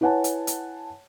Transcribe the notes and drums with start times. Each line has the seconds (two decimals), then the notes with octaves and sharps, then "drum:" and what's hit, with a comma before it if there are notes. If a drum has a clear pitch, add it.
0.01 E4 B4 C#5 F#5 G#5 A5
0.24 drum: hi-hat
0.47 drum: hi-hat